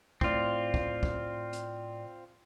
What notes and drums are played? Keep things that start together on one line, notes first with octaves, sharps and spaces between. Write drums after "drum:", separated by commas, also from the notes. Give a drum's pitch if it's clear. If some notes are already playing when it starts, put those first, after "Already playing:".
A2 C4 F4 D5, drum: kick
drum: kick
drum: kick
drum: hi-hat